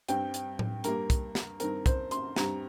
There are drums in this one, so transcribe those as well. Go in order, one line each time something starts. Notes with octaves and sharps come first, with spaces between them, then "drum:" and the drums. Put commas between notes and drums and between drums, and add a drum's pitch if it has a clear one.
G2 G3 C4 G5, drum: hi-hat
drum: hi-hat
drum: tom A2
G2 G3 A#3 A#4, drum: hi-hat
drum: kick, hi-hat
drum: snare
G2 D#3 C4 A#4, drum: hi-hat
C5, drum: kick, hi-hat
C6, drum: hi-hat
G2 G3 C4 A#5, drum: snare